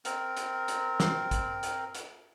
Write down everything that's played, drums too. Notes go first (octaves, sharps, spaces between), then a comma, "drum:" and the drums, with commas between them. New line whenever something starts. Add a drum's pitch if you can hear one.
C4 A#4, drum: hi-hat
drum: hi-hat
drum: hi-hat
drum: snare
drum: kick A#1, hi-hat
drum: hi-hat
drum: hi-hat